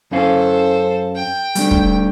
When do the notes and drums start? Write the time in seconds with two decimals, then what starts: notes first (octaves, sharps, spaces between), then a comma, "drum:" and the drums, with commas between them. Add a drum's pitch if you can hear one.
0.11 F#2 C#4 A4 C5 F5
1.16 G5
1.55 G3 A3 D4, drum: hi-hat
1.71 drum: kick